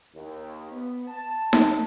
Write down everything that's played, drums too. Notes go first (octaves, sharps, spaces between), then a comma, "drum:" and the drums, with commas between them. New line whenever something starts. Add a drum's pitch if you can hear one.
D#2
B3
A5
drum: snare D#4